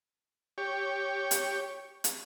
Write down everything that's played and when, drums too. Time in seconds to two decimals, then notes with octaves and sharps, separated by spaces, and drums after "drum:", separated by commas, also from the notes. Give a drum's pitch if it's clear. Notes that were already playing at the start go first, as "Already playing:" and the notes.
0.58 G4 C#5
1.31 drum: hi-hat
2.04 drum: hi-hat